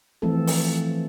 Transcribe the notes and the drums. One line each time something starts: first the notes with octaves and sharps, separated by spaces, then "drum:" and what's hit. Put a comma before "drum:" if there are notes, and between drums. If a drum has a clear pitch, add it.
E3 F3 A3 C4 A4
drum: open hi-hat